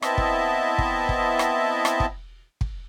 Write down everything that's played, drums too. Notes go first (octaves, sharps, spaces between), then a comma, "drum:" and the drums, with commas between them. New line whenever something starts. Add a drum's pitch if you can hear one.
B3 C4 E4 D#5 E5 A5, drum: rim click
drum: kick
drum: kick
drum: kick
drum: rim click
drum: rim click
drum: kick
drum: kick